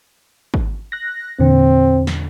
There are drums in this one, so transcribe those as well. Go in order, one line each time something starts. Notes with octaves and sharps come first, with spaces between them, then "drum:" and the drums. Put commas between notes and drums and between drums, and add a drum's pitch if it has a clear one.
drum: kick G#1
F#6 A#6
E2 A#2 D3 C4
drum: snare